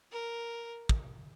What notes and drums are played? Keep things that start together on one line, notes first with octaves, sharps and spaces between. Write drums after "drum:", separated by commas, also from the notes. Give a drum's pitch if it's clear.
A#4
drum: kick